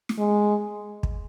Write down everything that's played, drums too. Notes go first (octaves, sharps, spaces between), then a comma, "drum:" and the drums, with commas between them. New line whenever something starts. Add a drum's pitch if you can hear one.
drum: snare
G#3
drum: kick